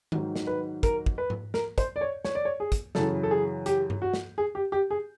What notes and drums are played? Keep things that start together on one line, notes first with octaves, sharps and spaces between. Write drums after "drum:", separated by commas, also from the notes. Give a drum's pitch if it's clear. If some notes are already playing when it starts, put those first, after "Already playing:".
G#2 D#3 F#3, drum: tom D#3
drum: snare
B4
A#4, drum: kick, hi-hat
drum: kick
B4
drum: tom G#2
A#4, drum: snare
C5, drum: kick, hi-hat
D5
C#5
C#5, drum: snare
D5
C#5
G#4
drum: kick, hi-hat
F#2 C#3 E3 A4, drum: snare
A4
G#4
G4, drum: hi-hat
drum: tom G2
F#4
drum: snare
G#4
G4
G4
G#4